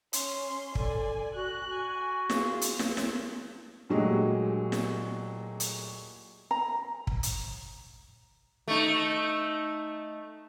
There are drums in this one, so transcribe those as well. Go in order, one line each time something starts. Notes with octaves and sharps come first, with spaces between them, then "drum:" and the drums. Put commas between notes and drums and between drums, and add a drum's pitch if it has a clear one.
C#4 C6, drum: hi-hat
A4 D5 G#5, drum: kick
F#4 F#6
G#5
F4 G#4, drum: snare
drum: hi-hat
drum: snare
drum: snare
A#2 F#3 G#3 A3 G4
drum: snare
drum: hi-hat
A#5
drum: kick
drum: hi-hat
A3 D#4